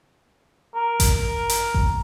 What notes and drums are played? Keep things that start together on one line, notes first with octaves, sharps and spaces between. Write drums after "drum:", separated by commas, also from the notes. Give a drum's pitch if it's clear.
A#4
drum: kick G#1, hi-hat
drum: hi-hat
drum: kick G#1